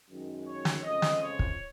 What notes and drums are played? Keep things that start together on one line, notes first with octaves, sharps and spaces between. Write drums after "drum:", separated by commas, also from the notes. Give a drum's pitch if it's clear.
F#2 D#3 G#3
C#5
drum: snare
F2 C#3 F3 G#3 D#5
drum: snare
C#5
drum: kick